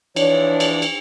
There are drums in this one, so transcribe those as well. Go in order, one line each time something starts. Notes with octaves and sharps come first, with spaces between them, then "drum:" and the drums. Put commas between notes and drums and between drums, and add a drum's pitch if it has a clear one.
E3 F3 D4 C#5, drum: cymbal
drum: cymbal
drum: cymbal